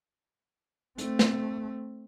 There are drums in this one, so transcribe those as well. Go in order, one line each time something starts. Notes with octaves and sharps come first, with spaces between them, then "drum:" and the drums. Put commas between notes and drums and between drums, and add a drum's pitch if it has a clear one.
A3 C4, drum: hi-hat
drum: snare